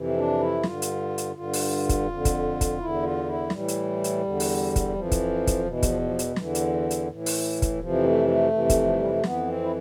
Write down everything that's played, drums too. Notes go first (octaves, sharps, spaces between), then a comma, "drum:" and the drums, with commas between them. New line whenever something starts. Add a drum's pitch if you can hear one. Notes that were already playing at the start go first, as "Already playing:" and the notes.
Already playing: F2 C3 E3
C4
D4
E4
G2 D3 F4, drum: snare
drum: hi-hat
drum: hi-hat
G2 D3 F4
drum: open hi-hat
drum: kick, hi-hat
F2 D3
drum: kick, hi-hat
drum: kick, hi-hat
E2 D3 E4
F4
E4
A2 E3 G3, drum: snare
drum: hi-hat
drum: hi-hat
E2 D3
drum: open hi-hat
drum: kick, hi-hat
F2 E3 F3
drum: kick, hi-hat
drum: kick, hi-hat
E2 B2 E3
F3, drum: kick, hi-hat
F3
E3, drum: hi-hat
E2 D3 E3, drum: snare
drum: hi-hat
drum: hi-hat
A2 E3
drum: open hi-hat
drum: kick, hi-hat
F2 C3 E3 F3
A3
A3
F2 C3 E3
drum: kick, hi-hat
F3
G3
A3
F2 E3 B3, drum: snare
C4
E4